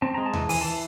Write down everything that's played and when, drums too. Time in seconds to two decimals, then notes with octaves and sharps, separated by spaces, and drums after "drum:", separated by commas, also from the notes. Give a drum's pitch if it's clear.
0.02 C4 A5
0.14 G#3 A#5
0.26 A5
0.33 E3, drum: tom D#2
0.49 E3 G#5, drum: open hi-hat
0.61 E3 A5